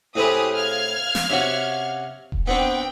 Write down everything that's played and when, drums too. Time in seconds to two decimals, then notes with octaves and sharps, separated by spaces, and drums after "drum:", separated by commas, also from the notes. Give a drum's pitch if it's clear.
0.15 A2 C4 G4 G#4 B4 D#6
0.56 F5 F6 G#6
1.15 drum: snare
1.30 C3 C#4 F#4
2.32 drum: kick D#1
2.47 B3 C4 D4 G5